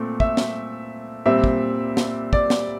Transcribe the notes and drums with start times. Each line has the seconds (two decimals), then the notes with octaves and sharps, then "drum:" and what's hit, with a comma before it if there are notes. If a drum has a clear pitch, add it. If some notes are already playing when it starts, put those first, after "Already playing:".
Already playing: A#2 A3 C4
0.20 E5, drum: kick
0.37 drum: snare
1.26 A#2 G3 C4 E5
1.44 drum: kick
1.97 drum: snare
2.33 D5, drum: kick
2.50 drum: snare